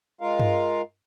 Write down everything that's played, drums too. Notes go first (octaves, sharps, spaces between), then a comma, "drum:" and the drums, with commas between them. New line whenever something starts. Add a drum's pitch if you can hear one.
G#3 F4 A#4 F5
drum: tom G2